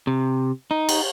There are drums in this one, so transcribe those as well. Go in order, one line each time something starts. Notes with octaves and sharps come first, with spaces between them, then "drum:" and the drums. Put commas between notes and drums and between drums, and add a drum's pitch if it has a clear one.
C3
D#4
drum: cymbal